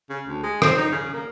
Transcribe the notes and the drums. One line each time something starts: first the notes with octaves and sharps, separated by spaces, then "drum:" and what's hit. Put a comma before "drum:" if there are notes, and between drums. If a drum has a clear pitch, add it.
C#3
D2
G#3
C4, drum: rim click
D#4
C#3
A#3